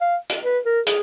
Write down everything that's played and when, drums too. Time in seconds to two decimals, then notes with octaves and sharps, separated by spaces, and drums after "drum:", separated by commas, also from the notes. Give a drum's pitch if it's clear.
0.01 F5
0.29 drum: hi-hat
0.44 B4
0.65 A#4
0.87 G#4, drum: hi-hat